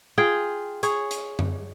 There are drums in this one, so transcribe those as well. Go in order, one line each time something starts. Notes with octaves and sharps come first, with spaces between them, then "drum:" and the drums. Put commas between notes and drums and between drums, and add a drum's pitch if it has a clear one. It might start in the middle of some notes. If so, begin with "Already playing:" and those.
F4 G#4 G5
G#4 C#5, drum: hi-hat
drum: hi-hat
drum: tom F#2